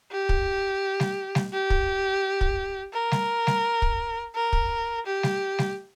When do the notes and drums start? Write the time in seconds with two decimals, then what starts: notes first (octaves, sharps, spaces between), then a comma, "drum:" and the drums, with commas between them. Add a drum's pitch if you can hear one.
0.12 G4
0.29 drum: kick
1.00 drum: snare G3
1.35 drum: snare G3
1.53 G4
1.70 drum: kick
2.41 drum: kick
2.93 A#4
3.11 drum: snare G3
3.47 drum: snare G3
3.82 drum: kick
4.35 A#4
4.53 drum: kick
5.06 G4
5.23 drum: snare G3
5.59 drum: snare G3